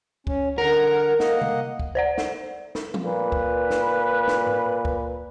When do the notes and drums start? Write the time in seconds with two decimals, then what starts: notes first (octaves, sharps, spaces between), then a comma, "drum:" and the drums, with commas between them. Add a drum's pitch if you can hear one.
0.27 C#4, drum: kick
0.58 D3 A#4 F#5 A#5
1.20 A#3 D#5 F#5, drum: snare
1.41 drum: tom C3
1.80 drum: kick
1.95 C5 D5 F#5
2.18 drum: snare
2.75 drum: snare
2.94 drum: tom
3.05 A#2 B4
3.32 drum: kick
3.70 drum: snare
4.28 drum: snare
4.47 drum: tom G#2
4.85 drum: kick